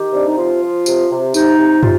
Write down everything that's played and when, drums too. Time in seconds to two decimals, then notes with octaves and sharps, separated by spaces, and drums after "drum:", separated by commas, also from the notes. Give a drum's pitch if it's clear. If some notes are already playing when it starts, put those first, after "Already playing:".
Already playing: D#3 G4
0.12 C3 D4
0.25 D#4
0.37 F3 F4
0.61 F3
0.86 C3, drum: tambourine
1.10 C3
1.34 C3 D#4, drum: tambourine
1.58 C3
1.83 C3 F4, drum: tom